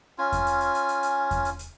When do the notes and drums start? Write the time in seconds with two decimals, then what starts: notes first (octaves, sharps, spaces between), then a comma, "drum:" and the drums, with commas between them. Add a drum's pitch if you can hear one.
0.18 C#4 F4 G#5
0.32 drum: kick E2, hi-hat
0.47 drum: hi-hat
0.61 drum: hi-hat
0.75 drum: hi-hat
0.89 drum: hi-hat
1.03 drum: hi-hat
1.31 drum: kick E2, hi-hat
1.45 drum: hi-hat
1.59 drum: hi-hat